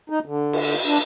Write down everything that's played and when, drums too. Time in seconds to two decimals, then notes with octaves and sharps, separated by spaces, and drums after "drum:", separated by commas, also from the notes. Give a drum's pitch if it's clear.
0.10 D#4
0.26 D3
0.53 drum: cymbal
0.86 D4